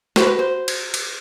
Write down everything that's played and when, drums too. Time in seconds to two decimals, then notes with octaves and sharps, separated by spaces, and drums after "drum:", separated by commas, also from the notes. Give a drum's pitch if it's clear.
0.16 F#4 B4 C5, drum: snare
0.27 B4
0.39 C5
0.68 drum: cymbal
0.94 drum: cymbal